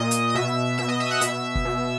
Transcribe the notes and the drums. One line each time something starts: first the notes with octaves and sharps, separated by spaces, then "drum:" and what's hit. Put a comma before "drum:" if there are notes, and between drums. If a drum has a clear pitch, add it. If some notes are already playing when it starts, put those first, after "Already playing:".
Already playing: A#2 D#5 D#6
drum: hi-hat
D#6
B2 E5 E6
B2 E5 E6
D#5 D#6
E5 E6
F#5 F#6
B2 E5 E6, drum: hi-hat
drum: kick
B2